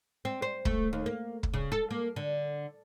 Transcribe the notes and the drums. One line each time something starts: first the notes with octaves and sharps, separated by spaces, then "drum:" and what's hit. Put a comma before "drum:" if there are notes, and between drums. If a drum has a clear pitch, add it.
C4
C5
A3, drum: kick
D#2
A#3
drum: kick
C#3
A4
A#3
D3